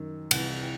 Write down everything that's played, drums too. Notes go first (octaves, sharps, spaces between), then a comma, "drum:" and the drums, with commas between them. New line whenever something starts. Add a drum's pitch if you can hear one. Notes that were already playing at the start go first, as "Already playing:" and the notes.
Already playing: F#2 D#3
C2 C3 E3 F#5, drum: cymbal
G5